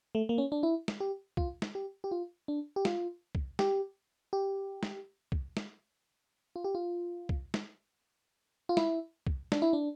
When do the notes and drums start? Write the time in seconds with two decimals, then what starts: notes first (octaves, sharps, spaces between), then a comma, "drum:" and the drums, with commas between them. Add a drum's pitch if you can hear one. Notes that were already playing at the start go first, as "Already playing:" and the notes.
0.15 A3
0.29 A#3
0.38 C#4
0.52 D4
0.63 E4
0.88 drum: snare
1.00 G4
1.37 F4, drum: kick
1.62 drum: snare
1.75 G4
2.04 G4
2.11 F4
2.48 D4
2.76 G4
2.85 F4, drum: snare
3.35 drum: kick
3.59 G4, drum: snare
4.33 G4
4.83 drum: snare
5.32 drum: kick
5.57 drum: snare
6.56 F4
6.64 G4
6.75 F4
7.29 drum: kick
7.54 drum: snare
8.69 F4
8.77 E4, drum: snare
9.27 drum: kick
9.52 D4, drum: snare
9.62 E4
9.73 D4